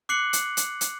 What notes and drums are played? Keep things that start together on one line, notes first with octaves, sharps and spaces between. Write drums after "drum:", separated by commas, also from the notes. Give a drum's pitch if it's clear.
D6 F#6 C7 C#7 F#7
drum: hi-hat
drum: hi-hat
drum: hi-hat